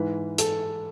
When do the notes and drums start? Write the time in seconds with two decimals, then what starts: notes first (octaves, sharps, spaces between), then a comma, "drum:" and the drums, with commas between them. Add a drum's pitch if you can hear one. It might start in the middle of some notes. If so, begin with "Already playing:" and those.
Already playing: G#2 E3 B4
0.38 A4, drum: hi-hat